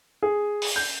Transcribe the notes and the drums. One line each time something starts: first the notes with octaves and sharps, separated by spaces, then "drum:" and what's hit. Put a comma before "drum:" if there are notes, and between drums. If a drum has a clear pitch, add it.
G#4
drum: open hi-hat
G6